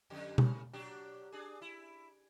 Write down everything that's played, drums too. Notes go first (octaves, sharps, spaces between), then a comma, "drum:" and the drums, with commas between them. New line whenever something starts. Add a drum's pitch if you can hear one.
F2 D3 G4
A2 C#3, drum: tom B2
F#3 D4 G4
D4 G#4
E4